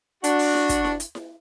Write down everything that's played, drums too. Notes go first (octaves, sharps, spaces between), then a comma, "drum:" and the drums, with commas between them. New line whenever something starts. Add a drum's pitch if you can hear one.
D4 F#4, drum: hi-hat
drum: open hi-hat
drum: snare E4
drum: kick, hi-hat
drum: snare E4
drum: hi-hat
drum: snare E4